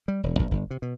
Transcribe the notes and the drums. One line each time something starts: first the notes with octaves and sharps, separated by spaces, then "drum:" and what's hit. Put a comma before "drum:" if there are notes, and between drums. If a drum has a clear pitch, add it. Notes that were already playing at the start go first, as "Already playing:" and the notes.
G3
E1
A#1, drum: kick
G1, drum: kick
C3
B2